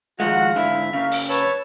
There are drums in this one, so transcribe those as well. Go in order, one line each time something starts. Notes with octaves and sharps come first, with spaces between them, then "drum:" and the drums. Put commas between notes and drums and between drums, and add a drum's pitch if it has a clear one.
D#3 F3 G#3 F#4 F5 F#5
G#2 D3 E4 E5
F#2 C#3 F5
drum: open hi-hat
B4 C#5 A5 E6